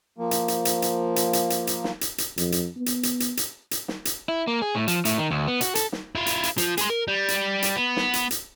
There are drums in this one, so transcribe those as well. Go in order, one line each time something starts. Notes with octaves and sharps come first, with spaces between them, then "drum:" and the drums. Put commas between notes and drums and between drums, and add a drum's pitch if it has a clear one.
F3 A#3
drum: hi-hat
drum: hi-hat
drum: hi-hat
drum: hi-hat
drum: hi-hat
drum: hi-hat
drum: hi-hat
drum: hi-hat
drum: snare
drum: hi-hat
drum: hi-hat
F2, drum: hi-hat
drum: hi-hat
B3
drum: hi-hat
drum: hi-hat
drum: hi-hat
drum: hi-hat
drum: hi-hat
drum: snare
drum: hi-hat
E4
A#3
G#4
A2
F3, drum: hi-hat
A2, drum: hi-hat
D#3
D2
B3
F#4, drum: hi-hat
A4, drum: hi-hat
drum: snare
E4 F4
drum: hi-hat
drum: hi-hat
F3, drum: hi-hat
G#4 C6, drum: hi-hat
A#4
G3
drum: hi-hat
drum: hi-hat
B3
drum: snare
drum: hi-hat
drum: hi-hat